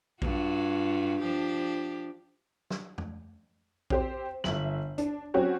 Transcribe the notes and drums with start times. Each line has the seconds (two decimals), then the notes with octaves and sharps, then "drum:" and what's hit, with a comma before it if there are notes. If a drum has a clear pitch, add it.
0.22 G2 F4 F#4, drum: kick A#1
1.21 F3 D4 G4
2.70 drum: snare
2.98 drum: tom F2
3.90 C4 G4 C5, drum: kick A#1
4.44 G1 E5 F#7, drum: snare
4.98 D4, drum: hi-hat
5.34 F#3 C4 C#4 F#4 G4 C#5